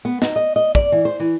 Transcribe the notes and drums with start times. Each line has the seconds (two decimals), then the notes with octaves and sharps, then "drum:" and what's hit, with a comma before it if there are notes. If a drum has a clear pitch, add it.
0.05 B3
0.22 D#4, drum: snare
0.36 D#5
0.56 D#5
0.75 D5, drum: kick
0.92 E3
1.05 C5
1.20 E3